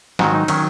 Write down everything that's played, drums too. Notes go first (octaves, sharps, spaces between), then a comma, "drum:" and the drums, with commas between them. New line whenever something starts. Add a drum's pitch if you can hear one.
G#2 D#3 F#3 F#4, drum: snare
D#4
D#3 F#3 C#4, drum: cymbal